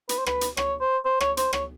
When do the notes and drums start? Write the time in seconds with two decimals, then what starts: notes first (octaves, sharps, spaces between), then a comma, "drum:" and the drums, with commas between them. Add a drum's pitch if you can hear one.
0.09 B4, drum: hi-hat
0.18 C5
0.26 B4, drum: rim click
0.41 drum: hi-hat
0.57 C#5, drum: rim click
0.81 C5
1.05 C5
1.20 C#5, drum: rim click
1.37 C5, drum: hi-hat
1.53 C#5, drum: rim click